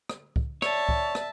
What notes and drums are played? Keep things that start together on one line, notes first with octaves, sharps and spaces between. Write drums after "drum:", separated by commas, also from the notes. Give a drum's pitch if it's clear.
drum: rim click
drum: kick C#2
C#5 D5 E5 A5, drum: rim click
drum: kick C#2
drum: rim click